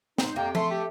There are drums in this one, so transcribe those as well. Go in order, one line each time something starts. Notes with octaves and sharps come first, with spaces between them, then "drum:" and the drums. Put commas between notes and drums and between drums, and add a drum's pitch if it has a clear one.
D#4 C5, drum: snare
F2 C3 A#3 G5
A3 C6, drum: tom F3
G4